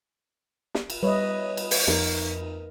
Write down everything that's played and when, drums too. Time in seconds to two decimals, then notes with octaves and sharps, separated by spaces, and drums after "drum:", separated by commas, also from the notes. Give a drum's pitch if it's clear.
0.75 drum: snare
0.90 drum: cymbal
1.03 G3 B4 C#5 D#5 E5
1.57 drum: cymbal
1.71 drum: open hi-hat
1.88 F2 D#4 A#4, drum: snare